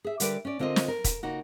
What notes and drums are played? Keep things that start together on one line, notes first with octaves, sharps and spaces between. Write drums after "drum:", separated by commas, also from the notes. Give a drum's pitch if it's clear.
G#4 E5
D3 G3 A#4 B4 D5, drum: hi-hat
C#4 D5
D3 C4 F4 A#4 D#5
drum: snare
A#4
drum: kick, hi-hat
C#3 A#3 D#4 F4 F#4